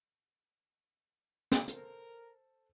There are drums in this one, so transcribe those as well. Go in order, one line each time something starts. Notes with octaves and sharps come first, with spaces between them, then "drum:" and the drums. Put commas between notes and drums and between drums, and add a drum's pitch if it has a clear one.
drum: snare
A4 A#4 C5, drum: hi-hat